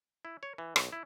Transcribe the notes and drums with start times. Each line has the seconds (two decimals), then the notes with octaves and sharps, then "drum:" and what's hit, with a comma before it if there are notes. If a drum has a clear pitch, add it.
0.25 E4
0.43 C#5
0.58 E3
0.76 B1, drum: rim click
0.93 E4